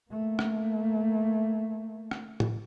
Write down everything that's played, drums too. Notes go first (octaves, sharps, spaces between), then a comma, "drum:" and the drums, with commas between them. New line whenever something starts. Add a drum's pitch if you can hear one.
A3 A#3
drum: rim click
drum: rim click
drum: tom